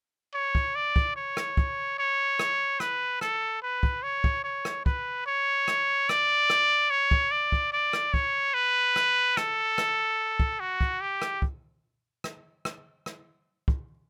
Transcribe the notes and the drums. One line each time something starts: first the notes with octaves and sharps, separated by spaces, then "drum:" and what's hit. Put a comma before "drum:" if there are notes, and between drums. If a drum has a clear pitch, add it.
C#5
drum: kick
D5
drum: kick
C#5
drum: rim click
drum: kick
C#5
drum: rim click
B4, drum: rim click
A4, drum: rim click
B4
drum: kick
C#5
drum: kick
C#5
drum: rim click
B4, drum: kick
C#5
drum: rim click
D5, drum: rim click
drum: rim click
C#5
drum: kick
D5
drum: kick
D5
drum: rim click
C#5, drum: kick
B4
drum: rim click
A4, drum: rim click
drum: rim click
drum: kick
F#4
drum: kick
G4
drum: rim click
drum: kick
drum: rim click
drum: rim click
drum: rim click
drum: kick